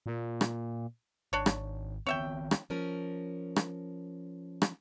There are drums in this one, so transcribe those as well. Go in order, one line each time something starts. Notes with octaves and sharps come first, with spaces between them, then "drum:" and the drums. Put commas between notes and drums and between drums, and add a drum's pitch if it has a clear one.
A#2
drum: rim click
G#1 D4 C#5
drum: rim click
D#3 B3 C4 C#5 E5 G5
drum: rim click
F3 C#4 A#4
drum: rim click
drum: rim click